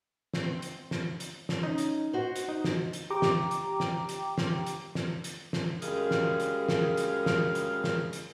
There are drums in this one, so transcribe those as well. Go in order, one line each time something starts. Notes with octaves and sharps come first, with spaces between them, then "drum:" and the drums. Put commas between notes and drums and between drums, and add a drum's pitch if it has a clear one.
drum: snare
C4
drum: hi-hat
drum: snare
drum: hi-hat
drum: snare
C#4 D#4
drum: hi-hat
F#4 C5
drum: hi-hat
D#4
drum: snare
drum: hi-hat
G4 G5 A#5 D6
drum: snare
drum: hi-hat
drum: snare
drum: hi-hat
drum: snare
drum: hi-hat
drum: snare
drum: hi-hat
drum: snare
F#2 G3 G#3 G#4 A#4 F5, drum: hi-hat
drum: snare
drum: hi-hat
drum: snare
drum: hi-hat
drum: snare
drum: hi-hat
drum: snare
drum: hi-hat